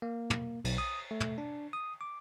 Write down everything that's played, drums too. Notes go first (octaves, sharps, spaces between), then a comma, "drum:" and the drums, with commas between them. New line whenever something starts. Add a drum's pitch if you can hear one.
A#3
drum: tom
B1, drum: cymbal
D#6
A3
drum: tom
D4
D#6
D6